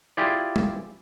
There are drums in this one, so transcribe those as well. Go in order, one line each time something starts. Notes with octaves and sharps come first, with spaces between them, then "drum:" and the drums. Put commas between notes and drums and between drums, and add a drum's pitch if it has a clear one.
E4 F4 G4 G#4 D5
drum: tom